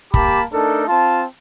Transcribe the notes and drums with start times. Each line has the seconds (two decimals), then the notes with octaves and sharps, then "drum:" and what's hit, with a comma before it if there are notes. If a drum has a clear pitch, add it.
0.14 A#3 G4 A5 B5 D6, drum: kick
0.53 A3 D4 D#4 A4 A#4
0.88 C4 F4 A5